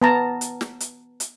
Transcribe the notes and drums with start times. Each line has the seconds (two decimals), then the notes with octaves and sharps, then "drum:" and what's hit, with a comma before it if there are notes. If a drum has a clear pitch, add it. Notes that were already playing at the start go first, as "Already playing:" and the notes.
0.02 B3 A5 A#5
0.41 drum: hi-hat
0.61 drum: snare
0.80 drum: hi-hat
1.20 drum: hi-hat